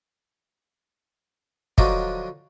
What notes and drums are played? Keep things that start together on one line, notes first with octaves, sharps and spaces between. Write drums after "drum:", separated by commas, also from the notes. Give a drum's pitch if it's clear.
D3 F3 F#3 D4 D#4, drum: kick